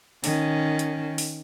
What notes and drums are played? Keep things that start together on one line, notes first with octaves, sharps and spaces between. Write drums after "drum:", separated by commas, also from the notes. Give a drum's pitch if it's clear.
D#3 C#4, drum: open hi-hat
drum: hi-hat
drum: open hi-hat